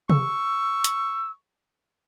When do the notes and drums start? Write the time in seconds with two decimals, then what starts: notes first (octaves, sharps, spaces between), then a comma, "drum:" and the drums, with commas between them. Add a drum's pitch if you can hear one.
0.10 C#6 E6, drum: tom C3
0.84 drum: hi-hat